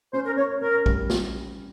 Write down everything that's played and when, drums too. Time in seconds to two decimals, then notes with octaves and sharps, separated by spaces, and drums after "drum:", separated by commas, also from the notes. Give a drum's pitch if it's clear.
0.13 C#4 C5
0.25 A#4
0.37 C#4 C#5
0.62 C#4 A#4
0.86 G3, drum: kick A#1
1.10 drum: snare